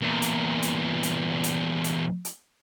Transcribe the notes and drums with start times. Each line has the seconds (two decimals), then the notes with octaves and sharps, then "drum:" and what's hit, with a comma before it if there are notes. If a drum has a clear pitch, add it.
0.02 E2 A#2
0.22 drum: hi-hat
0.62 drum: hi-hat
1.03 drum: hi-hat
1.44 drum: hi-hat
1.84 drum: hi-hat
2.25 drum: hi-hat